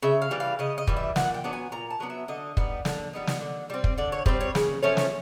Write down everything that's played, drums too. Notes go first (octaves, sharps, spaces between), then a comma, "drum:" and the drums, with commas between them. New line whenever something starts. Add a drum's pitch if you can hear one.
C#3 E5
F5
E3 G3
F5
C#3 D#5
D#5
E3 G3, drum: kick
E5
A#2 F#5, drum: snare
G5
F#3 B3 D4
G#5
A#2 A#5
A5
F#3 B3 D4
E5
D3 D#5
G3 B3 D#4, drum: kick
D3, drum: snare
G3 B3 D#4
drum: snare
D3
G3 C4
drum: kick
D3 D5
C#5
G3 C4 C5, drum: kick
C#5
C#3, drum: snare
F3 A3 C#4 C#5
drum: snare